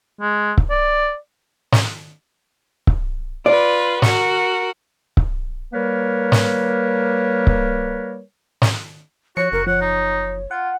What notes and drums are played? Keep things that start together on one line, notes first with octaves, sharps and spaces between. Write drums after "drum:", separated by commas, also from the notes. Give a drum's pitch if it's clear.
G#3
drum: kick C#1
D5
drum: snare
drum: kick C#1
F4 B4 D5
F#4 A#4, drum: snare
drum: kick C#1
G3 A#3 A#4 B4 C#5
drum: snare
drum: kick C#1
drum: snare
F3 F#4 C#5 C#7
F#1 A#4
F3 C#5 F#5
D#4
F4 F#5